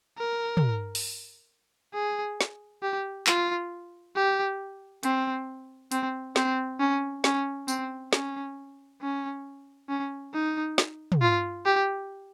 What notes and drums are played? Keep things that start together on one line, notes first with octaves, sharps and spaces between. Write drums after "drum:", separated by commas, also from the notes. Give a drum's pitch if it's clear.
A#4
drum: tom
drum: open hi-hat
G#4
drum: snare
G4
F4, drum: clap
G4
C4, drum: hi-hat
C4, drum: hi-hat
C4, drum: snare
C#4
C#4, drum: snare
C4, drum: tambourine
C#4, drum: snare
C#4
C#4
D#4
drum: snare
drum: tom
F4
G4